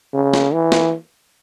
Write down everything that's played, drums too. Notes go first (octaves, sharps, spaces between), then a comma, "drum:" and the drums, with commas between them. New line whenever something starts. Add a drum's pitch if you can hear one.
C#3
drum: snare
E3
drum: snare